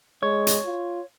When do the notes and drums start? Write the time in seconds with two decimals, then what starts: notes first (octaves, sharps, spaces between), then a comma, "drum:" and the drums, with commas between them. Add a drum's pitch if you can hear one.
0.23 G#3 C#5
0.47 drum: hi-hat
0.66 F4